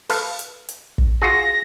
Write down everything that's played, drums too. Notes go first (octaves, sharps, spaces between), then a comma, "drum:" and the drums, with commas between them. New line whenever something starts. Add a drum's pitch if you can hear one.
A4 B4 F5, drum: open hi-hat
drum: hi-hat
drum: hi-hat
drum: kick
F4 F#4 G#4 A#6